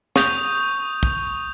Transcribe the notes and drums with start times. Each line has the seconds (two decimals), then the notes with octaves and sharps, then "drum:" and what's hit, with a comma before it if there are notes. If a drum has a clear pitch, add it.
0.16 C#6 D#6 G6 F7, drum: snare
1.03 drum: kick